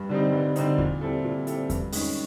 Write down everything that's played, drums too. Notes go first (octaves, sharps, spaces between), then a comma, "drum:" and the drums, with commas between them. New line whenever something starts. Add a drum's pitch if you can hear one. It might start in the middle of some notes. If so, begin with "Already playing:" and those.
Already playing: G2
D3 G3 C4 D#4
G2
D3 G3 C4 D#4, drum: hi-hat
A#2, drum: kick E2
G3 C4 E4 A4
A#2
G3 C4 E4 A4, drum: hi-hat
G2, drum: kick E2, hi-hat
D#3 G#3 C#4, drum: open hi-hat